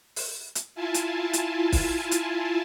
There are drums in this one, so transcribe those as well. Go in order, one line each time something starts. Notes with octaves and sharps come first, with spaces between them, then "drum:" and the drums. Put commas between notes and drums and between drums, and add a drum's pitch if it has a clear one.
drum: open hi-hat
drum: hi-hat
E4 F4 G#5 A5
drum: hi-hat
drum: hi-hat
drum: kick, open hi-hat
drum: hi-hat